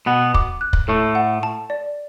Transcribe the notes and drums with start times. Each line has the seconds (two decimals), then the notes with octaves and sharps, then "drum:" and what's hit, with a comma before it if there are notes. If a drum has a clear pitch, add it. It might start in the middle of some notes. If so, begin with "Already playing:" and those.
0.06 B2 B3 F#5
0.34 D6, drum: kick
0.61 F#6
0.73 drum: kick
0.88 A2 A3 A4
1.15 F#5
1.43 A5
1.70 D5